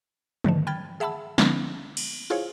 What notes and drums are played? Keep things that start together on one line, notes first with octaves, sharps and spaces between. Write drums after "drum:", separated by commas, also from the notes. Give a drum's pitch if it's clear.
G#2 D3 D#3 A3, drum: tom
G5 B5 F6 G#6 A6
G#4 E5 F#5 A5 B5 E6
D3 F3 A#3 B3 C#4 D#4, drum: snare
drum: cymbal
E4 F4 G#4 C5 C#5 F5